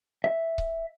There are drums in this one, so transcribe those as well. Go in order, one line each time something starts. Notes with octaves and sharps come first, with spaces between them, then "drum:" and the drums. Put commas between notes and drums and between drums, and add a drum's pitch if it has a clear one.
E5
drum: kick C#1